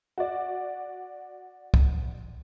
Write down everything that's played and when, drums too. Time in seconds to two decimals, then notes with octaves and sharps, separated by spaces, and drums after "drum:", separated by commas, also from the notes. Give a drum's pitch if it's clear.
0.18 F#4 D5
1.74 drum: kick